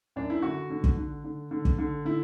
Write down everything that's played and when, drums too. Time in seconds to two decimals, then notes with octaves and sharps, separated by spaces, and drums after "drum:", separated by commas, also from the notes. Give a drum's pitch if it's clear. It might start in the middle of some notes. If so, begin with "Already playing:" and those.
0.16 F#2 D4
0.30 E4
0.42 D3 F#4
0.70 D3
0.84 drum: kick
0.98 D3
1.24 D3
1.51 D3
1.65 drum: kick
1.79 D3
2.05 D3 E4